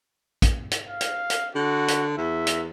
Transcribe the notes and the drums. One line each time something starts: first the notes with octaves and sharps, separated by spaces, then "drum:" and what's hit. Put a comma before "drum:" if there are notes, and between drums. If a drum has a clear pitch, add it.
drum: kick, hi-hat
drum: hi-hat
F5
drum: hi-hat
drum: hi-hat
D3 F#4
drum: hi-hat
E2 E5
drum: hi-hat